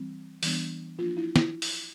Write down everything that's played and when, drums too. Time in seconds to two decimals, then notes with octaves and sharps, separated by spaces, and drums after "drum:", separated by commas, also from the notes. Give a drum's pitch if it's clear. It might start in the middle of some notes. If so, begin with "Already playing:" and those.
Already playing: E3 G3 C4
0.43 E3 G3 B3 D4, drum: open hi-hat
0.98 F3 A#3 D4 F4
1.17 E4
1.36 E4, drum: snare
1.62 drum: open hi-hat